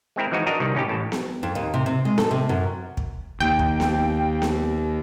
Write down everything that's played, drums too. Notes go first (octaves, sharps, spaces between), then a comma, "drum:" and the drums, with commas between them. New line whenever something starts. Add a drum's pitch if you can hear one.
G#3 C4 E4 A#4
E3 F3 G#3 D#4 F#4
D4 F#4 A#4 D#5
C2 C3 D#3
A2 C#4 D#4 G4
A1 A2 A5
drum: snare B3
F2
D#2
C3
C3
G#3
A4, drum: snare B3
C3
F#2
drum: kick
D#2 G5
drum: kick
drum: snare B3
drum: snare B3